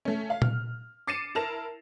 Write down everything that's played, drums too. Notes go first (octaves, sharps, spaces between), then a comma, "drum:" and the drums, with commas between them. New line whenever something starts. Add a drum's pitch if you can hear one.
A3 C#4
F5
F6, drum: tom A#2
D6 A6 C7 C#7 D#7 E7
E4 A#4 A5 A#6 E7 F7